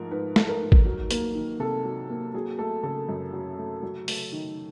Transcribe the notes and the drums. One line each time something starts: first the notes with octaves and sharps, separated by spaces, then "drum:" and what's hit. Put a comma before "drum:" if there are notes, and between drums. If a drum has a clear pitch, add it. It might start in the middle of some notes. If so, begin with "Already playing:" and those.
Already playing: G#2 F3 A3 A#4
G#2 B4
A3, drum: snare
A#4
G#2
drum: kick A1
F#3
A#3, drum: hi-hat
D#3
C3 A4
F#3
A#3
F#3 G#4
A3 A4
C#3 A4
F#2
F#3
A3
F#3
A3, drum: open hi-hat
D#3